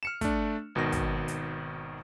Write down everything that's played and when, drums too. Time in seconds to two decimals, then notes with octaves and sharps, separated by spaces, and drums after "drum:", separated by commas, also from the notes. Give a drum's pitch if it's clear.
0.03 F6 C#7 E7
0.21 A3 D4, drum: kick, hi-hat
0.75 G#1 B2 D#3 A#6
0.92 drum: kick, hi-hat
1.28 drum: hi-hat